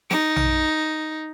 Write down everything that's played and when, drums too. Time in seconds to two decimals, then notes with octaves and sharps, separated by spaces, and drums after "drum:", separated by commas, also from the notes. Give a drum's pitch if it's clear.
0.11 D#4, drum: snare
0.36 drum: tom A#1